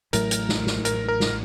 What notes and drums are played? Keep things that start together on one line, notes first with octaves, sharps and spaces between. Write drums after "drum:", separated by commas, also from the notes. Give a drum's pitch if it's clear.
A1 A2 F#3 A3 A#4, drum: hi-hat
drum: hi-hat
drum: snare
drum: snare
A#4, drum: hi-hat
A#4
drum: snare